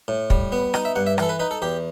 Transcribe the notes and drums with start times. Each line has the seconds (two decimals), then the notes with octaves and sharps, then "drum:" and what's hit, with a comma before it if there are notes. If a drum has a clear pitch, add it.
0.08 A2
0.30 G3, drum: kick
0.52 B3
0.74 D#4 D#5, drum: rim click
0.85 E5
0.96 G2 F#5
1.07 E5
1.18 E3 A4, drum: rim click
1.29 B4
1.40 D#4 B4
1.51 A4
1.62 E2 G4